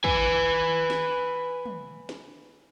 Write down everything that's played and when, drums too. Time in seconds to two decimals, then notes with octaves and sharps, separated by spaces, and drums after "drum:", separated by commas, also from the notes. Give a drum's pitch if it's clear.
0.04 B4 G#5, drum: kick
0.90 drum: snare
1.65 drum: tom
2.09 drum: snare